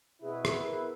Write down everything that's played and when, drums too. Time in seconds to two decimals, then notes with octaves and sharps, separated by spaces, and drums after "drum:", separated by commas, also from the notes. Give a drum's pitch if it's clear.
0.22 B2 C4 E4 G#4 B4
0.45 drum: rim click
0.64 B3 A#4 B4